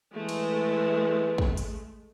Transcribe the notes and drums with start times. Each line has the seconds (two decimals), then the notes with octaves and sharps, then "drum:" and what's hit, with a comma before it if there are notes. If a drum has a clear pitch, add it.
0.14 E3 G#3 A3
0.29 drum: cymbal
1.38 drum: kick
1.57 drum: hi-hat